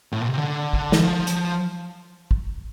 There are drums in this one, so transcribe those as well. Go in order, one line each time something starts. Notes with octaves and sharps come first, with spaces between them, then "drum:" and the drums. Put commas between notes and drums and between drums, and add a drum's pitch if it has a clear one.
A2
A#2
C3
D3
drum: kick
E3, drum: snare
F3
drum: hi-hat
drum: kick